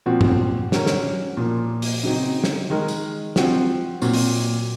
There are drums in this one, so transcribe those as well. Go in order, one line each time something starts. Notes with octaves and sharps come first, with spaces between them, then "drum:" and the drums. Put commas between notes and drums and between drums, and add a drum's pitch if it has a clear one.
A#2 F3 C4 F#4
drum: tom G2
F#3 C#4 F#4 A#4, drum: snare
drum: snare
A#2 F3 A#3
drum: open hi-hat
C#3 F#3 C4 D#4
drum: snare
D#3 G#3 D#4 A#4
drum: tambourine
F3 C4 F#4, drum: snare
A#2 F#3 C4 F#4, drum: tambourine
drum: open hi-hat